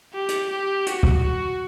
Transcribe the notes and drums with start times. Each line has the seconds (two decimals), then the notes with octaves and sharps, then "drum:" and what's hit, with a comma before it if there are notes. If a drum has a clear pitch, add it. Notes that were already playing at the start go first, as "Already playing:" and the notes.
0.14 G4
0.29 drum: hi-hat
0.50 G4
0.86 F#4, drum: hi-hat
1.03 drum: kick
1.23 F#4